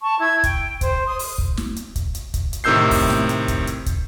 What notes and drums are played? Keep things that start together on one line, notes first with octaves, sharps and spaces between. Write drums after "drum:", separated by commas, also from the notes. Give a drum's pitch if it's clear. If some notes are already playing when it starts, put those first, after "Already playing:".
A5 C#6
E4 G#6
G5, drum: kick, hi-hat
C5, drum: kick, hi-hat
C6 D#6
drum: open hi-hat
drum: kick
drum: snare
drum: hi-hat
drum: kick, hi-hat
drum: hi-hat
drum: kick, hi-hat
drum: hi-hat
A2 C3 D#3 E6 G6 C7
drum: kick, open hi-hat
drum: snare
drum: hi-hat
drum: kick, hi-hat
drum: hi-hat
drum: kick, hi-hat